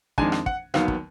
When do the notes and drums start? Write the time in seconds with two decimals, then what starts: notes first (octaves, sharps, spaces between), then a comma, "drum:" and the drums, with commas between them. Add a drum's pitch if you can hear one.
0.18 F2 D#3 G#3 D4 G#5, drum: kick
0.32 drum: rim click
0.46 F#5, drum: kick
0.74 D#2 D#3 F#3 B3 F5, drum: rim click
0.88 drum: kick